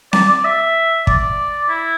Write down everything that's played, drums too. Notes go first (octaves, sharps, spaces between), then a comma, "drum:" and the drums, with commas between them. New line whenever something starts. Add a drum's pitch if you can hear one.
D5, drum: snare C4
D5
E5
D5, drum: kick
E4